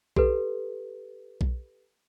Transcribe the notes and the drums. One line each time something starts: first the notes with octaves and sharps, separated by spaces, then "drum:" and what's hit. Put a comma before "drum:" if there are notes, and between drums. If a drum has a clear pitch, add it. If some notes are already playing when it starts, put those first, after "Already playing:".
G4 A4 B4, drum: kick B1
drum: kick B1